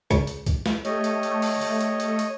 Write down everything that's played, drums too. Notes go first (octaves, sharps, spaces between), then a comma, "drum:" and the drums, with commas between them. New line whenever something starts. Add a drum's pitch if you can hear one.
C#2, drum: kick, hi-hat
drum: hi-hat
drum: kick, hi-hat
drum: snare
A3 G4 C#5 D#5, drum: hi-hat
drum: hi-hat
drum: hi-hat
drum: open hi-hat
drum: open hi-hat
drum: hi-hat
drum: hi-hat
drum: hi-hat